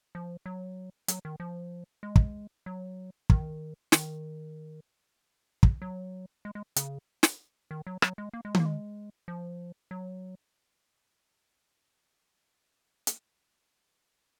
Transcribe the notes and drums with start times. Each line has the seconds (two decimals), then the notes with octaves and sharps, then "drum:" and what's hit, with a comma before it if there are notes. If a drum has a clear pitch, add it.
0.15 F3
0.46 F#3
1.08 F#3, drum: hi-hat
1.25 D#3
1.40 F3
2.03 G#3
2.16 drum: kick
2.66 F#3
3.30 D#3, drum: kick
3.92 D#3, drum: snare
5.63 drum: kick
5.82 F#3
6.45 G#3
6.55 G#3
6.76 C#3, drum: hi-hat
7.23 drum: snare
7.71 D#3
7.87 F#3
8.02 F#3, drum: rim click
8.18 G#3
8.33 A#3
8.45 G#3
8.55 F#3, drum: tom D#3
8.60 A#3
8.66 G#3
9.28 F3
9.91 F#3
13.07 drum: hi-hat